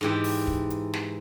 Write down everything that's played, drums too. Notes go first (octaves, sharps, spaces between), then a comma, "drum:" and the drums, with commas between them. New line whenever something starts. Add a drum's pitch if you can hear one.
G#2 E3 G4
drum: open hi-hat
drum: kick
drum: hi-hat
drum: snare